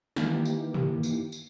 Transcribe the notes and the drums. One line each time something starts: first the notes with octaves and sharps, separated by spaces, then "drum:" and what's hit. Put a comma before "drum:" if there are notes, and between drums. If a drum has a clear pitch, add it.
D#3 E3 A#3 G4, drum: snare
drum: tambourine
drum: tom
drum: tambourine
drum: tambourine